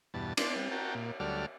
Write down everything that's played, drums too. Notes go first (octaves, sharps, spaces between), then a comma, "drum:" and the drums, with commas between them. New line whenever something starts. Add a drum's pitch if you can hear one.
E2 G2 B2 A5
D4 D5 C6 D6, drum: cymbal
G3
F#4 A#4 G5 A5
A#2
D2 F#3 G3 A4 D5 F6